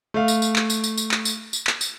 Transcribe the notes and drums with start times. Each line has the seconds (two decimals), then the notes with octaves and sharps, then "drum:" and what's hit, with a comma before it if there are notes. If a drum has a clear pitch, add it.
0.14 A3 F5
0.28 drum: tambourine
0.42 drum: tambourine
0.56 drum: clap
0.70 drum: tambourine
0.84 drum: tambourine
0.98 drum: tambourine
1.11 drum: clap
1.25 drum: tambourine
1.53 drum: tambourine
1.67 drum: clap
1.81 drum: tambourine